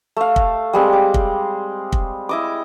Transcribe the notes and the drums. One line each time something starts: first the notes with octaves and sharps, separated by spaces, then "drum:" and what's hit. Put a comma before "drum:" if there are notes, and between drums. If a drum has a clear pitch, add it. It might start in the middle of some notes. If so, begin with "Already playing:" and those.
A3 F5
drum: kick
G3 G#3 C4
D6
drum: kick
drum: kick
E4 D#5 D6